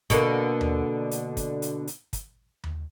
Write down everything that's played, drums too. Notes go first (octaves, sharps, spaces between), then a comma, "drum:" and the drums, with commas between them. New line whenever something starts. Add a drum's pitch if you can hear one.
B2 D3 A#3, drum: kick, hi-hat
drum: tom D#2
drum: hi-hat
drum: kick, hi-hat
drum: hi-hat
drum: hi-hat
drum: kick, hi-hat
drum: tom D#2